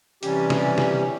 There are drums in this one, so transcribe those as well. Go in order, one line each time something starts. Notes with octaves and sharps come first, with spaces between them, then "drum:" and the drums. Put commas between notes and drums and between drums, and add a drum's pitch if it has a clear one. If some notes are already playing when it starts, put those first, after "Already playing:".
C3 E3 G3 C#4 G4, drum: hi-hat
drum: snare
drum: snare